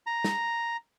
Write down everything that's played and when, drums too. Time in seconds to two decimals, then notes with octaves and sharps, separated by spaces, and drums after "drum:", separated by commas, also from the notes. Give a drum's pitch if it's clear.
0.07 A#5
0.24 drum: snare